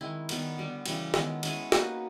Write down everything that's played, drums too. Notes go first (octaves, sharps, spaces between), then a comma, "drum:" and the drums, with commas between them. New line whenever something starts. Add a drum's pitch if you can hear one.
D#3 G#3 C4 E4
D#3 G3 B3 D#4, drum: cymbal
D3 G3 B3
C#3 E3 G3, drum: cymbal
D#3 G#3 B3 E4, drum: snare
G#3 C#4 E4 G#4, drum: cymbal
A#3 D#4 F#4 B4, drum: snare